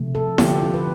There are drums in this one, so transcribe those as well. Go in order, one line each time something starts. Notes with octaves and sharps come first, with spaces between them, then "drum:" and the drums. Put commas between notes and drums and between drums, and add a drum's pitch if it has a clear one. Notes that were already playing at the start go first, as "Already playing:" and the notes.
Already playing: C3 F3 A3
A4
D3 F3 A3 G4, drum: snare E4
F4
F4
B4